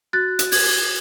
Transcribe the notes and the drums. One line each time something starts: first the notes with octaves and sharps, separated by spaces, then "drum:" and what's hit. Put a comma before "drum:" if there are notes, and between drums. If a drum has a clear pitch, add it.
F#4 F#6 A6
F#4, drum: hi-hat
G#6, drum: open hi-hat